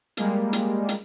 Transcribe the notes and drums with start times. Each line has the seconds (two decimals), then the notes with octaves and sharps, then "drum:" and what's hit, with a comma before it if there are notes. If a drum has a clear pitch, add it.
0.17 G3 G#3 A#3, drum: hi-hat
0.53 drum: hi-hat
0.89 drum: hi-hat